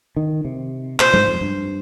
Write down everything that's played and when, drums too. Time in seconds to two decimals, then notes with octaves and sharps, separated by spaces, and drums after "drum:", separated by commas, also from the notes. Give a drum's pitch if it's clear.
0.16 D#3
0.45 C3
1.00 A#2 C5, drum: clap
1.14 G#2, drum: tom
1.28 F2
1.41 G2